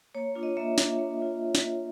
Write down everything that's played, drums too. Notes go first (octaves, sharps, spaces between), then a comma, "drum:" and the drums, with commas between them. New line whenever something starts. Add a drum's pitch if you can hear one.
A#3 C#5
D4 F4
D#5
A#3 E5
D4 F4, drum: snare
A#3
D4 F4
drum: snare